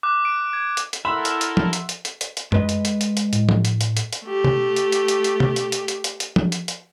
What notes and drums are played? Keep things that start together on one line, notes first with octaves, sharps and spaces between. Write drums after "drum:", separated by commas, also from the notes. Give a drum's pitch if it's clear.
D6 F#6
D7
G#6
drum: hi-hat
drum: hi-hat
E4 A4 A#4 E5 F#5 B5 C6 E6
drum: hi-hat
drum: hi-hat
drum: tom F3
drum: hi-hat
drum: hi-hat
drum: hi-hat
drum: hi-hat
drum: hi-hat
G#3 B4 D#5, drum: tom F#2
drum: hi-hat
drum: hi-hat
drum: hi-hat
drum: hi-hat
A2, drum: hi-hat
drum: tom F3
drum: hi-hat
drum: hi-hat
drum: hi-hat
drum: hi-hat
A3 G4
drum: tom B2
drum: hi-hat
drum: hi-hat
drum: hi-hat
drum: hi-hat
drum: tom B2
drum: hi-hat
drum: hi-hat
drum: hi-hat
drum: hi-hat
drum: hi-hat
drum: tom F3
drum: hi-hat
drum: hi-hat